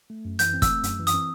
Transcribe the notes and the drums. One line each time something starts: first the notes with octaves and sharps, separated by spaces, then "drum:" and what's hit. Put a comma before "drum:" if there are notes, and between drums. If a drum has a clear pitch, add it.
A3
F#2
E3 G6, drum: hi-hat
C4
E6, drum: kick, hi-hat
A3
F#2, drum: hi-hat
E3
D#6, drum: hi-hat
C4